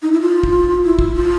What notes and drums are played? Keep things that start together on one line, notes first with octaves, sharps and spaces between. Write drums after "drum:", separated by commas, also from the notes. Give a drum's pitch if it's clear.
D#4
E4
F4
drum: kick
E4
drum: kick
F4